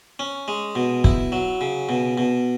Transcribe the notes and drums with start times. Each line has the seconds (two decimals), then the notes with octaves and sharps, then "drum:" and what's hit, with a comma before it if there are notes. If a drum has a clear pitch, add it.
0.19 C#4
0.48 G#3
0.75 B2
1.04 E4, drum: kick
1.32 F#3
1.61 C#3
1.89 B2
2.18 B2